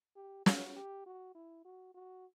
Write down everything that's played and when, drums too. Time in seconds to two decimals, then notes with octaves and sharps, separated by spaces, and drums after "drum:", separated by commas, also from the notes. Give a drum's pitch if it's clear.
0.16 G4
0.46 F#4, drum: snare
0.76 G4
1.06 F#4
1.35 E4
1.65 F#4
1.95 F#4